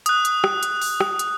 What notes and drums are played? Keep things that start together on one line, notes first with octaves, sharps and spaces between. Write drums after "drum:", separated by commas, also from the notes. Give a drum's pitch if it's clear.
D#6 F#6, drum: hi-hat
drum: hi-hat
drum: rim click
drum: hi-hat
drum: open hi-hat
drum: rim click
drum: hi-hat